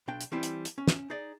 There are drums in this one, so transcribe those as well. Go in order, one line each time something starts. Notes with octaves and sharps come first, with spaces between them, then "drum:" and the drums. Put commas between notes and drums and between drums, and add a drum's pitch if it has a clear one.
B1 D4 G5
drum: hi-hat
E3 G3 C4 E4
drum: hi-hat
drum: hi-hat
C#4
drum: snare
D#4 G#4 D5